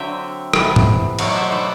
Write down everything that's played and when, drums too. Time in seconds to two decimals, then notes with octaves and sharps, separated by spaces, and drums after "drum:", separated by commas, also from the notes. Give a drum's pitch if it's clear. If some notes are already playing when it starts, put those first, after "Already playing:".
Already playing: D3 F#3 C4 E5 G5
0.53 C3 E3 B3, drum: rim click
0.76 drum: tom
1.19 B2 F#3 A3 D5 F#5, drum: cymbal
1.35 C5 E5
1.51 B4 D5